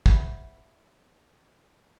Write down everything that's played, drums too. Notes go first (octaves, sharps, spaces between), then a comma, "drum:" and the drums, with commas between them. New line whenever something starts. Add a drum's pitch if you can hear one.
C5 E5 F#5 B5 G6 B6, drum: kick